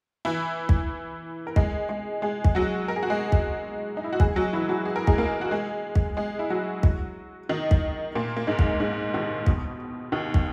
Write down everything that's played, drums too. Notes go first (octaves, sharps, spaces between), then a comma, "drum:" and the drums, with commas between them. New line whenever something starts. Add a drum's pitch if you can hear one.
E3 E4
drum: kick
A#4
G#3 G#4, drum: kick
G#3 G#4
G#3 G#4
drum: kick
F#3 F#4
A#4
G#4
F#4
G#3 G#4
drum: kick
D#4
E4
F#4
G#3 G#4, drum: kick
F#3 F#4
E3 E4
F#3 F#4
G#4
A#4
G#3 G#4, drum: kick
A#3 A#4
F#4
G#3 G#4
drum: kick
G#3 G#4
E4
F#3 F#4
drum: kick
D#3 D#4
drum: kick
A#2 A#3
A#3
G#2 G#3
drum: kick
G#2 G#3
D#2 D#3
B2, drum: kick
D#2 D#3
drum: kick